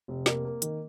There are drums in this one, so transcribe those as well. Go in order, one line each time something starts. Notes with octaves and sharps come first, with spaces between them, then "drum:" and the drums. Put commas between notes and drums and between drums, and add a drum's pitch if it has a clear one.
F1
A#3, drum: snare
A#3
D#3, drum: hi-hat